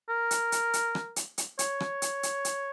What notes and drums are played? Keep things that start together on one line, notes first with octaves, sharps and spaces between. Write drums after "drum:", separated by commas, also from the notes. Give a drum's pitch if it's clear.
A#4
drum: hi-hat
drum: hi-hat
drum: hi-hat
drum: rim click
drum: hi-hat
drum: hi-hat
C#5, drum: hi-hat
drum: rim click
drum: hi-hat
drum: hi-hat
drum: hi-hat